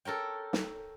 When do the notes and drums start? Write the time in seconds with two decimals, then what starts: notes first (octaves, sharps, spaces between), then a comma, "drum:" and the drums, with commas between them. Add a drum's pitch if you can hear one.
0.05 A4 A#4 C#5 G5
0.53 drum: snare